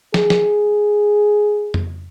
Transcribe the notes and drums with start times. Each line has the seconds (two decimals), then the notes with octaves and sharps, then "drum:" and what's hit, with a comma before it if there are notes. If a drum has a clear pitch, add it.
0.14 G#4, drum: snare
0.30 drum: snare
1.74 drum: tom F2